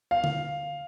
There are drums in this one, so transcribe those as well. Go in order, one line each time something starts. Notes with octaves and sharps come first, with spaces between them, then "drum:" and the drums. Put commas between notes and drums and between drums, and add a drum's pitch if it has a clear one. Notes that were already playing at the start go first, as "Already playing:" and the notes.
F5
drum: tom D3